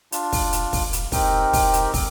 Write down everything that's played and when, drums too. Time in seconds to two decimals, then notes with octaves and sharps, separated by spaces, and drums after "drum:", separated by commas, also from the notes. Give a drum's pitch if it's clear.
0.12 D4 F4, drum: hi-hat
0.32 drum: kick, open hi-hat
0.53 drum: hi-hat
0.73 drum: kick, open hi-hat
0.93 drum: hi-hat
1.12 C4 D#4 G4 A#4, drum: kick, open hi-hat
1.53 drum: kick, open hi-hat
1.73 drum: hi-hat
1.94 drum: kick, open hi-hat